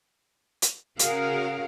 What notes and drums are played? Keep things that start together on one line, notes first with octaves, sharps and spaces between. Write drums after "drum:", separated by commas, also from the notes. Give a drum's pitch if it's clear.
drum: hi-hat
C#3 F#4 G#4 A#4 F5, drum: hi-hat